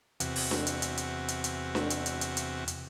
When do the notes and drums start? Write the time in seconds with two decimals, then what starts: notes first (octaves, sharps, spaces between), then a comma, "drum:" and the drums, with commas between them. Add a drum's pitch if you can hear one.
0.20 E2 C3 F#4, drum: hi-hat
0.36 drum: open hi-hat
0.51 drum: snare D4
0.67 drum: hi-hat
0.82 drum: hi-hat
0.97 drum: hi-hat
1.28 drum: hi-hat
1.44 drum: hi-hat
1.75 drum: snare D4
1.90 drum: hi-hat
2.06 drum: hi-hat
2.21 drum: hi-hat
2.37 drum: hi-hat
2.68 drum: hi-hat